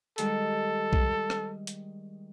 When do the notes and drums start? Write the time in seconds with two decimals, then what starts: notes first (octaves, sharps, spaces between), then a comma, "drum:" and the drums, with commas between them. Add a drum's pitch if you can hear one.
0.18 D#3 G3 G#3 A4, drum: hi-hat
0.93 drum: kick B1
1.30 drum: rim click
1.67 drum: hi-hat